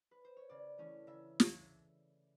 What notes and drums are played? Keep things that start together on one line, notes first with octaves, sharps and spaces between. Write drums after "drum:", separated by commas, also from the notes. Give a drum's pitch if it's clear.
B4
C5
C#5
C#3 D5
E3 A3 C#4
C#3 E5
drum: snare